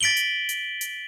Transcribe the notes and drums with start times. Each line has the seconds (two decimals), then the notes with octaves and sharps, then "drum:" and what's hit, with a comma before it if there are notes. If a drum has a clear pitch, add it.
0.01 A6 B6 D7 F#7 G7
0.17 drum: hi-hat
0.49 drum: hi-hat
0.81 drum: hi-hat